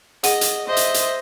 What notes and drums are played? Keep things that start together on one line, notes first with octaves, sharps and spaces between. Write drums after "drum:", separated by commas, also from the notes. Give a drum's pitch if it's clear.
G#4 D#5 F#5 D#7, drum: hi-hat
drum: hi-hat
C5 D#5 E5
drum: hi-hat
drum: hi-hat